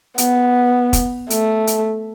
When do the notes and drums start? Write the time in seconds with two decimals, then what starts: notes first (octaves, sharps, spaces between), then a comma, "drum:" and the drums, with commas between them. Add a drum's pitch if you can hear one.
0.18 B3, drum: hi-hat
0.93 drum: kick, hi-hat
1.30 A3, drum: hi-hat
1.67 drum: hi-hat